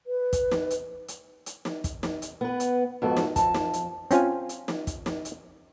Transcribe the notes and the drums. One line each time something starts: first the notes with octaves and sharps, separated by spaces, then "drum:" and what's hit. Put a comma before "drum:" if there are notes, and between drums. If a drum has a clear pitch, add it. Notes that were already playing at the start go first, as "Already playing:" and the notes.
B4
drum: kick, hi-hat
drum: snare
drum: hi-hat
drum: hi-hat
drum: hi-hat
drum: snare
drum: kick, hi-hat
drum: snare
drum: hi-hat
B3 B4
drum: hi-hat
F2 G#2 B3 F#4 A4
drum: snare
F2 A5, drum: kick, hi-hat
drum: snare
drum: hi-hat
C4 C#4 F4 F5 G#5, drum: hi-hat
drum: hi-hat
drum: snare
drum: kick, hi-hat
drum: snare
drum: hi-hat